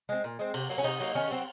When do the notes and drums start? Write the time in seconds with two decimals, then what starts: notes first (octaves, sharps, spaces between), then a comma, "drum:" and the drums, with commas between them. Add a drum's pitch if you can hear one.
0.09 G#3 C4
0.24 A#2
0.39 G#3 C4
0.54 C3, drum: cymbal
0.69 F#3 A#3
0.78 C#4
0.84 C3 D#4, drum: cymbal
1.00 F#3 A#3
1.15 D#3 C#4
1.30 F#3 C4